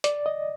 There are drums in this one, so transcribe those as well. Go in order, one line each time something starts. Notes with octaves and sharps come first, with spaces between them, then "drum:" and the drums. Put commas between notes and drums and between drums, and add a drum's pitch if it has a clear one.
D5, drum: hi-hat
D#5